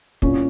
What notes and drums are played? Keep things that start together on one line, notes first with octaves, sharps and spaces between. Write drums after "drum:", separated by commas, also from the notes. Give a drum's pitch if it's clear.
C2 A#2 C#4, drum: kick